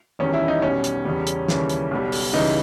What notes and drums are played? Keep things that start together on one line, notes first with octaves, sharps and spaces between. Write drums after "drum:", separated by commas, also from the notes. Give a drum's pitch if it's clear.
E1 E2 D#3 G3 C#4
E4
D#4
B1 B2 G3 C#4
drum: hi-hat
E1 E2 C#3 G3
drum: hi-hat
D#2 C#3 E3 G3, drum: snare
drum: hi-hat
B1 B2 G3
drum: open hi-hat
C#2 C#3 E3 G3 D#4